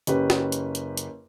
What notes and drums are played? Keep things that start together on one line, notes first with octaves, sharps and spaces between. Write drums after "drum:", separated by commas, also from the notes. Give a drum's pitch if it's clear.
F#1 C#4 G4 B4, drum: hi-hat
drum: snare
drum: hi-hat
drum: hi-hat
drum: hi-hat